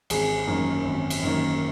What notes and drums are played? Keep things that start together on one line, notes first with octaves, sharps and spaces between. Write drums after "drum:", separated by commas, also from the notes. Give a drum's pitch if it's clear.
G#1 G#4, drum: cymbal
F#2 D#3 A#3
G#1
drum: cymbal
F#2 D#3 A#3